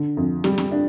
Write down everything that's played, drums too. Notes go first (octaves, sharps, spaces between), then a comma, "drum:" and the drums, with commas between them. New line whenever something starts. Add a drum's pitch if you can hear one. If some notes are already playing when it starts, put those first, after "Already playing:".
Already playing: D3
F2
G3, drum: snare
drum: snare
D4